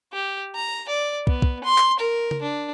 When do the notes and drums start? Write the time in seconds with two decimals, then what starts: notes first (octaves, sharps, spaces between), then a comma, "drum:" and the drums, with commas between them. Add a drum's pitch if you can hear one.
0.13 G4
0.55 A#5
0.89 D5
1.27 B3, drum: kick
1.42 drum: kick
1.64 C6
1.78 drum: clap
1.99 A#4
2.31 drum: tom C#3
2.42 D4